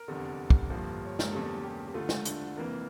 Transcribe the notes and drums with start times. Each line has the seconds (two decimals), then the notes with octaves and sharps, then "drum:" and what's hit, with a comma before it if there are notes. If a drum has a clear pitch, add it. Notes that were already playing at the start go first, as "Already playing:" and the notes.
Already playing: A#4
0.08 F1 E2 D3 G3
0.50 drum: kick
0.70 G1 G2 F3 A#3
1.05 C#5
1.19 A#4, drum: snare
1.32 E2 C#3 G3 A#3 A4
1.63 G4
1.87 G4
1.94 D2 D3 A3 F4
2.09 drum: snare
2.25 D4, drum: hi-hat
2.57 F1 F2 E3 A#3 A#4